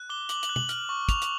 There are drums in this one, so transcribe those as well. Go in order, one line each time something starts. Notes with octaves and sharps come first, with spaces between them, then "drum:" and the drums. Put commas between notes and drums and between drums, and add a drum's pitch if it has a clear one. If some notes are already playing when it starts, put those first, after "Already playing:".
Already playing: F#6
D6 G7
D6 F#7, drum: hi-hat
F#7, drum: hi-hat
F#6
F#7, drum: tom
F6, drum: hi-hat
C#6
C#6 F7, drum: kick, hi-hat
drum: hi-hat